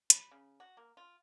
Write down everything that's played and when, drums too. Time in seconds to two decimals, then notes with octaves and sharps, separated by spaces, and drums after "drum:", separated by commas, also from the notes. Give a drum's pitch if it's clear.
0.10 B5, drum: hi-hat
0.31 C#3
0.60 F#4
0.77 A#3
0.97 F4